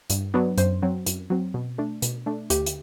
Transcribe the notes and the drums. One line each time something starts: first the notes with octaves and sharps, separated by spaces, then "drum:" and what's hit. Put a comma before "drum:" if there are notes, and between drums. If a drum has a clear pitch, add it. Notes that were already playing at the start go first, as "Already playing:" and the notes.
G2, drum: hi-hat
F#3 B3 D4
F#2 C5, drum: hi-hat
F#3 C4
F#2, drum: hi-hat
F#3 C4
B2
A3 D4
B2, drum: hi-hat
A3 D4
D2 G4, drum: hi-hat
drum: hi-hat